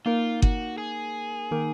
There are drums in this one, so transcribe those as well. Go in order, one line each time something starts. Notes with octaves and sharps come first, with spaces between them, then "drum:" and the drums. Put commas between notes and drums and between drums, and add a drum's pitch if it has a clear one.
A#3 D#4 F4 A#4
F#4, drum: kick G1
G#4
D#3 A#3 D#4 A#4